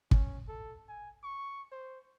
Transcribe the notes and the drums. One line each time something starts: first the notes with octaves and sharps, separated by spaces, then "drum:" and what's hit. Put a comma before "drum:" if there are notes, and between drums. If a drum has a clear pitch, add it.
C#4, drum: kick
A4
G#5
C#6
C5